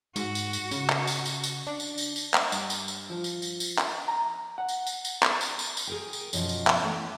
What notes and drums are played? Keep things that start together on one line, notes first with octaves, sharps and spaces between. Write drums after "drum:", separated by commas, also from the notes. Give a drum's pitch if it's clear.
G#2 F#4, drum: tambourine
drum: tambourine
drum: tambourine
C#3, drum: tambourine
drum: clap
drum: tambourine
drum: tambourine
drum: tambourine
D4
drum: tambourine
drum: tambourine
drum: tambourine
drum: clap
G2, drum: tambourine
drum: tambourine
drum: tambourine
F3
drum: tambourine
drum: tambourine
drum: tambourine
drum: clap
A#5
F#5
drum: tambourine
drum: tambourine
drum: tambourine
drum: clap
drum: tambourine
drum: tambourine
drum: tambourine
G#4 A#4 G5
drum: tambourine
F#2 B2 D#3 F3, drum: tambourine
drum: tambourine
drum: clap
E3 A3